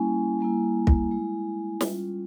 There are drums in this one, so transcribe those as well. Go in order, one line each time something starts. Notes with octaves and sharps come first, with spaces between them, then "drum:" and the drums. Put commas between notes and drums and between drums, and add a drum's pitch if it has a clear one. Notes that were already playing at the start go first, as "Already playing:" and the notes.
Already playing: G3 A#3 C#4 E4 G#5
G3 A#3 E4
drum: kick
G#3 E4
G3 C#4 F4, drum: snare